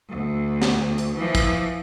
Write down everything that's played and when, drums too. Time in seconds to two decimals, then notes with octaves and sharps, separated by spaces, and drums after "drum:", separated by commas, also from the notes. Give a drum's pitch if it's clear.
0.10 D2
0.62 drum: snare
0.98 drum: hi-hat
1.16 E3 F3
1.35 drum: kick, hi-hat